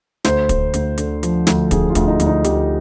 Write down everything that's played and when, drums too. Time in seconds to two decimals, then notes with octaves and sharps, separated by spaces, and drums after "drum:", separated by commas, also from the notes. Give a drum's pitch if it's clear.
0.24 D2 C5, drum: snare
0.49 D2, drum: kick, hi-hat
0.74 D2, drum: hi-hat
0.98 D3, drum: hi-hat
1.23 F3, drum: hi-hat
1.47 D2, drum: snare
1.71 D2 G#4, drum: kick, hi-hat
1.90 F4
1.95 D2, drum: kick, hi-hat
2.07 D#4
2.20 D2, drum: hi-hat
2.27 D#4
2.44 D2 G4, drum: hi-hat